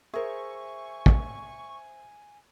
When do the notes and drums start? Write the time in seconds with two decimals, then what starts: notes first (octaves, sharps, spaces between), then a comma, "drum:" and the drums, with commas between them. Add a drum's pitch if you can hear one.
0.14 G#4 A#4 C5 E5 G#5 C#6
1.06 drum: kick